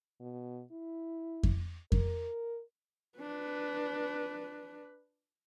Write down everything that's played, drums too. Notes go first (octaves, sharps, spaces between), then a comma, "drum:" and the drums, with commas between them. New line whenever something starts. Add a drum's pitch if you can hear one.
B2
E4
drum: kick F2
A#4, drum: kick F2
D4 B4